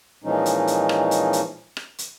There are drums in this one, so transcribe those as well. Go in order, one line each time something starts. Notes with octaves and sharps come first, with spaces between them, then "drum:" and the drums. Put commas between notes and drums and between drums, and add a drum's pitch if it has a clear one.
A#2 E3 F3 G#3 C#4 D#4
drum: hi-hat
drum: hi-hat
drum: rim click
drum: hi-hat
drum: hi-hat
drum: rim click
drum: hi-hat